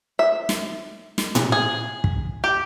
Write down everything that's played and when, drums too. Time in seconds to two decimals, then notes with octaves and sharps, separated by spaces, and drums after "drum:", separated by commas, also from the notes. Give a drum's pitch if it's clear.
0.19 E5
0.49 drum: snare
1.18 drum: snare
1.35 drum: tom A2
1.52 G#4
2.04 drum: kick
2.44 G4